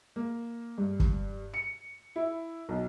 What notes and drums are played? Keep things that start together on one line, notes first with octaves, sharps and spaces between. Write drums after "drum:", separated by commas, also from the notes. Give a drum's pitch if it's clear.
A#3
G2
drum: kick
C#7
E4
B1